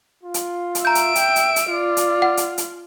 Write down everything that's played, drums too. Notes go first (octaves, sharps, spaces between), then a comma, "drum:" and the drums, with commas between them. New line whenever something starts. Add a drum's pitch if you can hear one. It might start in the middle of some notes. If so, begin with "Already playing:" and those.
F4
drum: hi-hat
drum: hi-hat
E5 A#5 G6 D7
drum: hi-hat
G5, drum: hi-hat
drum: hi-hat
drum: hi-hat
F4 D5
drum: hi-hat
F#5
drum: hi-hat
drum: hi-hat